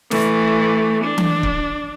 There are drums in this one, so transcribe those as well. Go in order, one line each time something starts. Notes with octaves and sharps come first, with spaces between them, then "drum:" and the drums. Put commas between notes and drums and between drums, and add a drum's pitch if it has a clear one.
E3 A3, drum: snare
D4
drum: tom E3
drum: kick